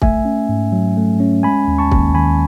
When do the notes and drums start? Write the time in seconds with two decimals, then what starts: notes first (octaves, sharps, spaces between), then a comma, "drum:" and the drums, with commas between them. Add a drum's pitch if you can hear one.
0.02 A3 E5 G#5, drum: kick
0.25 C#4
0.49 G#2
0.72 F#3
0.97 A3
1.20 C#4
1.43 G#3 G#5 B5
1.68 D#2
1.79 A5 C#6
1.92 D#2, drum: kick
2.14 D#3 G#5 B5